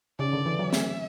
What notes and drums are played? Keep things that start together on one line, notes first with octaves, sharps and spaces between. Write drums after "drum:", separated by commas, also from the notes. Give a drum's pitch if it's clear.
C#3 D5
D3
E3
F#3
A3 E5, drum: snare